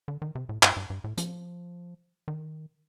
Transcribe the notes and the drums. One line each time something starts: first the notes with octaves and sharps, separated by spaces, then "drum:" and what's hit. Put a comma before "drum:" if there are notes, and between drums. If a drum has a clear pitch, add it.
D3
D#3
C3
A2
G2, drum: clap
G2
G2
A2
F3, drum: hi-hat
D#3